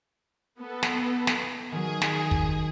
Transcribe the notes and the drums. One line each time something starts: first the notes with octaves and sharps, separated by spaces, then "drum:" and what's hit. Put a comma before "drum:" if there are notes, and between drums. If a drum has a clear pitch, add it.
B3 A4
drum: snare
drum: snare
D#3 F#3 G#4
drum: snare
drum: kick